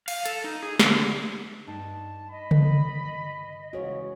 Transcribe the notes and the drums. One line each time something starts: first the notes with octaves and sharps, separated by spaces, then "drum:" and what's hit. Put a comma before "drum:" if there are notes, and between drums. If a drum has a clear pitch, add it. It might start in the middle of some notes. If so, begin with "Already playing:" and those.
F5, drum: cymbal
A4, drum: hi-hat
D#4
G#4
D3, drum: snare
G2 D#4 A5
D#5 B5
drum: tom C#3
C#3 E3 G#3 F#4 C#5